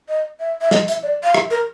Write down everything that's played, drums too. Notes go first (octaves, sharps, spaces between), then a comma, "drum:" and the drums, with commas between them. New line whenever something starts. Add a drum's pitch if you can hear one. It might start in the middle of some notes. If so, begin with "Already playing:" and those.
D#5
E5
E5
D#5, drum: snare
E5, drum: hi-hat
D5
F5
E5, drum: rim click
A#4